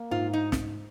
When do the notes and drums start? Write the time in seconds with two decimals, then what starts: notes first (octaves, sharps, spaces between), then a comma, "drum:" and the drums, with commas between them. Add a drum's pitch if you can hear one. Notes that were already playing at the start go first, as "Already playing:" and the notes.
Already playing: A#3
0.11 G#2 F4
0.33 D#4
0.52 drum: snare